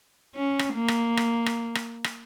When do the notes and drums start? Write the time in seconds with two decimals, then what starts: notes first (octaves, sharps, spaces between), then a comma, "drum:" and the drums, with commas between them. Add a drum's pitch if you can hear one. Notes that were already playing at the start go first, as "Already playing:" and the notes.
0.35 C#4
0.59 drum: rim click
0.74 A#3
0.88 drum: rim click
1.17 drum: rim click
1.46 drum: rim click
1.75 drum: rim click
2.04 drum: rim click